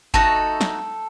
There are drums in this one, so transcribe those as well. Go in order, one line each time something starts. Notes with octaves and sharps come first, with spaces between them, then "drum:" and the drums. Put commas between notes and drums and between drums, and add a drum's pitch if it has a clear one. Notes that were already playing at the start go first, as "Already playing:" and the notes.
A3 D#4 F#4 A4, drum: kick G1
drum: snare